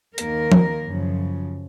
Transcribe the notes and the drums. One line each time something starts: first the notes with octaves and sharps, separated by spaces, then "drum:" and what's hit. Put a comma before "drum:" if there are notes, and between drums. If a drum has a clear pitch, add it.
D#2 D#3 A#3 A#4, drum: hi-hat
drum: tom F3
F#2 C#3 F3